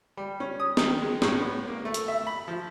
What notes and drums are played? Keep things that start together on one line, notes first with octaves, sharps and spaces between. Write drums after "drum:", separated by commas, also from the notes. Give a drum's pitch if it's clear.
G3
C#4
D#6
D#3, drum: snare
G#3
A2, drum: snare
B3
A#3
A3
drum: hi-hat
E5
B5
F3